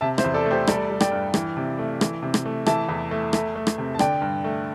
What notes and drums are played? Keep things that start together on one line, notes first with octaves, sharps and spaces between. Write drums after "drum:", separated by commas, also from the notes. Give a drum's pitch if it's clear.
C3 E5 A5
C5 E5, drum: rim click
E2
A4 D5
A3 G4 C5
G3 A4 D5, drum: rim click
G3
D5 G5, drum: rim click
G2
E3, drum: rim click
C3
A3
E3, drum: rim click
C3
drum: rim click
A3
E3 E5 A5, drum: rim click
E2
A3
A3, drum: rim click
A3
drum: rim click
C3
A5
D3 D5 G5, drum: rim click
G2
A3